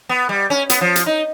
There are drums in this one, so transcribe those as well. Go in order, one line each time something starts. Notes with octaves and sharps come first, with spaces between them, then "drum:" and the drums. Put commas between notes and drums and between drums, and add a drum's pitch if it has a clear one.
B3
G3
C#4
B3, drum: hi-hat
F3
drum: hi-hat
D#4